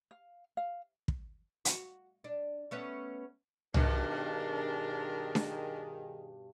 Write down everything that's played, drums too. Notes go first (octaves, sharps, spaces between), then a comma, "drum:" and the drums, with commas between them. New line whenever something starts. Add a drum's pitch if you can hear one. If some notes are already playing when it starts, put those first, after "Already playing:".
F5
F5
drum: kick
F#4, drum: hi-hat
D4
A3 B3 C#4
G2 B2 D#3 D4 G#4 A#4, drum: tom C2
drum: snare D4